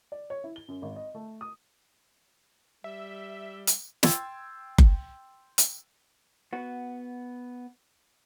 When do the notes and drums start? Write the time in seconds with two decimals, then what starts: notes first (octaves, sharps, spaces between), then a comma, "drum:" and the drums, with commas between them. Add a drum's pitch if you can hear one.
0.12 D5
0.30 C#5
0.44 E4
0.56 G7
0.68 F#2
0.82 G#1
0.96 D#5
1.15 A3
1.41 D#6
2.84 G3 E5
3.67 drum: hi-hat
4.03 G5 C6 E6 G#6 A6, drum: snare
4.78 drum: kick F#1
5.58 drum: hi-hat
6.53 B3 F#4